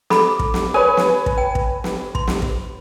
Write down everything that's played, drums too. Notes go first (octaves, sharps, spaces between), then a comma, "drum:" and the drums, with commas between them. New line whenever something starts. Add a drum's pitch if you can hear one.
A4 B5 D6, drum: snare
drum: kick
drum: snare
A#4 B4 C#5 G#5
drum: snare
drum: kick
G5
drum: kick
drum: snare
C6, drum: kick
drum: snare
drum: kick